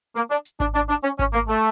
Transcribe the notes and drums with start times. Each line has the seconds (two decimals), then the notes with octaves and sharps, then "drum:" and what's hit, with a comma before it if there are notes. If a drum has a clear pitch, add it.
0.16 A#3, drum: hi-hat
0.31 D4
0.45 drum: hi-hat
0.60 D4, drum: kick G#1, hi-hat
0.75 D4, drum: hi-hat
0.89 D4
1.04 C#4, drum: hi-hat
1.19 C#4, drum: kick G#1, hi-hat
1.34 A#3, drum: hi-hat
1.49 A3